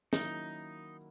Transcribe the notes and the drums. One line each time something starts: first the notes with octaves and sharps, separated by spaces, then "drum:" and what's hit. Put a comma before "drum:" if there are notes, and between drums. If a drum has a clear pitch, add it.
D#3 F#3 A#3 C#4 D#4 E4, drum: snare